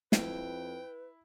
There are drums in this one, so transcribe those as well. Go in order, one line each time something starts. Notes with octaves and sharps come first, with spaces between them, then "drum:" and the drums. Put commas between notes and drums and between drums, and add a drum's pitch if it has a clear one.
F2 E4 B4 G5, drum: snare